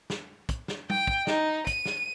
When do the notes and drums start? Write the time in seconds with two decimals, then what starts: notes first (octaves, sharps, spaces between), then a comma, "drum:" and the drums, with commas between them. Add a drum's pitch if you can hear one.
0.10 drum: snare
0.49 drum: kick, hi-hat
0.68 drum: snare
0.90 G5, drum: tom
1.07 drum: kick
1.27 D#4, drum: snare
1.67 D#7, drum: kick, hi-hat
1.85 drum: snare